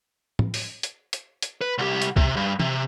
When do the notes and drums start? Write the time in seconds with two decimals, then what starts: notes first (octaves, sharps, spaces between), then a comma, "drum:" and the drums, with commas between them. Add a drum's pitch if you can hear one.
0.39 drum: tom
0.54 drum: open hi-hat
0.83 drum: hi-hat
1.13 drum: hi-hat
1.42 drum: hi-hat
1.61 B4
1.78 C2 G4
2.02 drum: hi-hat
2.16 C3, drum: kick
2.36 G2
2.60 C3, drum: tom